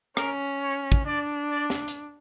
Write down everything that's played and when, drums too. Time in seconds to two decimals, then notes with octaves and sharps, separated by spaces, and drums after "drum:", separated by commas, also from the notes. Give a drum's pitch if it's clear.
0.17 C#4 A#4, drum: rim click
0.62 C#5
0.92 drum: kick
1.06 D4 D5
1.51 D5
1.70 drum: snare
1.88 drum: hi-hat